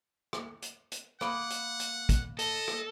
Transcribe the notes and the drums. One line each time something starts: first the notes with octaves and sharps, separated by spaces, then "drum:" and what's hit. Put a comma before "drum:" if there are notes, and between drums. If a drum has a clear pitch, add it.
drum: rim click
drum: hi-hat
drum: hi-hat
A#3 F#5 B5 D#6, drum: rim click
drum: hi-hat
drum: hi-hat
drum: kick, hi-hat
A4 D#5, drum: hi-hat
drum: rim click